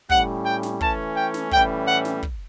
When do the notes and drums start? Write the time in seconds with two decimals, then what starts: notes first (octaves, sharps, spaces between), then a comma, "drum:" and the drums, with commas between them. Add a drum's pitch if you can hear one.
0.10 A2 G3 C#4 F#5, drum: kick
0.45 G5
0.63 drum: snare
0.81 E3 A3 C#4 A5, drum: kick
1.16 G5
1.34 drum: snare
1.51 A2 E3 G3 C#4 G5, drum: kick
1.87 F#5
2.05 drum: snare
2.23 drum: kick